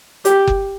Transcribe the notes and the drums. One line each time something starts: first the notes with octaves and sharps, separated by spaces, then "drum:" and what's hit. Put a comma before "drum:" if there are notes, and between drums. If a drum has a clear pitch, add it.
G4, drum: hi-hat
drum: kick F#1